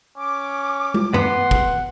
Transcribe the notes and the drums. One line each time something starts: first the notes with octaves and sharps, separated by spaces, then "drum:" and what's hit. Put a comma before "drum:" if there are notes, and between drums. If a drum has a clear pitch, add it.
C#4 D6
drum: tom
B3 F#5 C6, drum: tom F#2
drum: kick